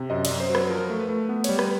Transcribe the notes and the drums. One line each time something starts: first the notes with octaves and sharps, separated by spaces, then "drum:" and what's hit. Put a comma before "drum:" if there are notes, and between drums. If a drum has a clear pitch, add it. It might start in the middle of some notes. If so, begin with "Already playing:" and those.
Already playing: C3
F#2 D#5
D5, drum: cymbal
F#2
C5
F#3
B4, drum: rim click
F3 A#4
A3
B4
A3
B3
G3 C#5, drum: cymbal
B4, drum: rim click